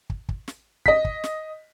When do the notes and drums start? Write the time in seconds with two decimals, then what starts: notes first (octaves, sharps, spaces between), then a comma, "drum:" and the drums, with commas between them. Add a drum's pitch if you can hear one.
0.10 drum: kick
0.29 drum: kick
0.48 drum: snare
0.86 D#5 B6, drum: kick
1.05 drum: kick
1.24 drum: snare